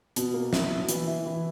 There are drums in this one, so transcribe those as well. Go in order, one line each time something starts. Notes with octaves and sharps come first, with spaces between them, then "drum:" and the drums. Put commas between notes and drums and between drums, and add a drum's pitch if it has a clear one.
B2, drum: hi-hat
A#3
E4, drum: snare
F#3
E3, drum: hi-hat
E4
E3